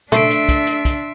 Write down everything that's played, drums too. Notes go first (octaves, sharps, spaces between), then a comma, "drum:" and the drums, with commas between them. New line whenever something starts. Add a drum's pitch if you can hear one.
A3 D4 E5 C6 C7 D7, drum: tom A#2
drum: hi-hat
drum: kick, hi-hat
drum: hi-hat
drum: kick, hi-hat